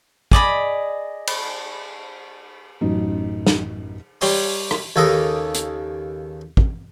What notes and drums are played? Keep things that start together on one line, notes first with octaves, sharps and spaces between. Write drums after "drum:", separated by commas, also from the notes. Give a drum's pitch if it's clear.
G#4 D5 D#5 B5, drum: kick
drum: cymbal
A1 F#2 F#3 D#4
drum: snare
G3 C#5 G5 C6, drum: open hi-hat
drum: rim click
D#2 C#3 A4 A#4 D6 D#6
drum: hi-hat
drum: kick